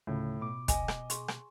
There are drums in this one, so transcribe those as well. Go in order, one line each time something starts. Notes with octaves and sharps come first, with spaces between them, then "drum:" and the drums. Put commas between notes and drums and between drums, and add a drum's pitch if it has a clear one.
D2 A2 C#3 F4
B2 B5 D6
D#5 G#5, drum: kick, hi-hat
drum: rim click
G#4 C6 C#6, drum: hi-hat
drum: rim click